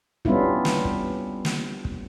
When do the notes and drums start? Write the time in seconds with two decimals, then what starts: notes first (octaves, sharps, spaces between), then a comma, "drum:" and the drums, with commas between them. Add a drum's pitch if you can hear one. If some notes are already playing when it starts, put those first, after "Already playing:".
0.25 G3 B3 C#4 D4 E4 F4, drum: kick
0.65 drum: snare
0.85 drum: kick
1.45 drum: snare
1.85 drum: kick